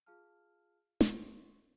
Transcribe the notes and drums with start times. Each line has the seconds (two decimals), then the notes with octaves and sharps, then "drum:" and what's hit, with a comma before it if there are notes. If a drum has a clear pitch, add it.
0.06 F4 G#4 F5 A5 F6
1.01 C6 C#6, drum: snare